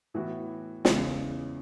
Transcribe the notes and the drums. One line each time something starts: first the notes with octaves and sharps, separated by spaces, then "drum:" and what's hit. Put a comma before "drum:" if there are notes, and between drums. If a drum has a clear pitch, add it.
A2 E3 B3 F#4
E2 C#3 E3 G#3, drum: snare